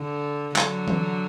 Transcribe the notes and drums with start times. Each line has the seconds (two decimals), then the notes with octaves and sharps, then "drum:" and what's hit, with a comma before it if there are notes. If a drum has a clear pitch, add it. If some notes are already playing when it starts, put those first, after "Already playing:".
Already playing: D3
0.56 D3 F#3, drum: clap
0.88 drum: tom E3